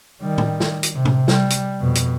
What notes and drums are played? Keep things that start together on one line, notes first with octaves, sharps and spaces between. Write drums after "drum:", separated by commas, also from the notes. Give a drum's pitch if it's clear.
D#3 G3
drum: tom A2
drum: snare
drum: hi-hat
C3
drum: tom A2
G3, drum: snare
drum: hi-hat
F2 B2
drum: hi-hat